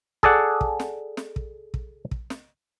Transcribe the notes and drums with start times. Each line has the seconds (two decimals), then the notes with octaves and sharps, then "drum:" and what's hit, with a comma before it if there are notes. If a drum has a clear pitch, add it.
0.23 G#4 A4 D5 F#5, drum: kick
0.61 drum: kick
0.80 drum: snare
1.17 drum: snare
1.36 drum: kick
1.74 drum: kick
2.11 drum: kick
2.30 drum: snare